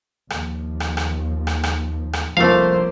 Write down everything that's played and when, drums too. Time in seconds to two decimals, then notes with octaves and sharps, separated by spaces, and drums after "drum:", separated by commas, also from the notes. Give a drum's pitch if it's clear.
0.30 D#2 F3, drum: rim click
0.80 drum: rim click
0.97 drum: rim click
1.47 drum: rim click
1.63 drum: rim click
2.13 drum: rim click
2.37 F1 C2 F3 A3 A#3 C5 F5